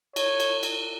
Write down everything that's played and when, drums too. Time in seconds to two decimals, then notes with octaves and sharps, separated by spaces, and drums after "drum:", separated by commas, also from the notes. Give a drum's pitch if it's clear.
0.16 C#5, drum: cymbal
0.40 drum: cymbal
0.63 drum: cymbal